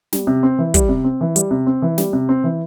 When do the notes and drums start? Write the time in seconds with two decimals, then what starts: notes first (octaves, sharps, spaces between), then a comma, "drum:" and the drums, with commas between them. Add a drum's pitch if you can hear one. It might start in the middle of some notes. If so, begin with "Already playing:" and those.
0.13 G3, drum: snare
0.27 C3
0.43 C4
0.59 E3
0.74 G3, drum: kick, hi-hat
0.89 C3
1.04 C4
1.21 E3
1.36 G3, drum: hi-hat
1.51 C3
1.67 C4
1.82 E3
1.98 G3, drum: snare
2.13 C3
2.29 C4
2.44 E3